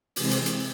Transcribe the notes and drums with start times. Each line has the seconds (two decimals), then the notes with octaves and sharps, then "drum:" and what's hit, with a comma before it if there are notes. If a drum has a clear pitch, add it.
0.16 C3 E3 G#3 C4 E4, drum: open hi-hat
0.31 drum: hi-hat
0.46 drum: hi-hat